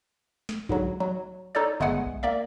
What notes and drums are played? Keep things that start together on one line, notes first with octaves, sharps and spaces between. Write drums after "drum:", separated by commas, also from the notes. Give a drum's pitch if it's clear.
drum: snare
G#2 D3 F#3, drum: kick B1
F#3
D#4 A4 C#5 D5
G1 G#3 A3 B3 F#5 G#5
drum: kick B1
A#3 D5 E5